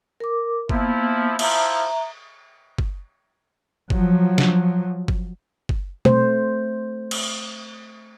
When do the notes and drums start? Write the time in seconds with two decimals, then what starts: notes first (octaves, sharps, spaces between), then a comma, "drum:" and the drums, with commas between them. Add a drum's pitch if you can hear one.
0.20 A#4 D6
0.69 F3 A#3 B3 E4, drum: kick F#1
1.39 F3 E4 E5 A#5, drum: cymbal
2.78 drum: kick F#1
3.90 F3 F#3, drum: kick F#1
4.38 drum: snare
5.08 drum: kick F#1
5.69 drum: kick F#1
6.05 A3 C5, drum: tom B2
7.11 drum: cymbal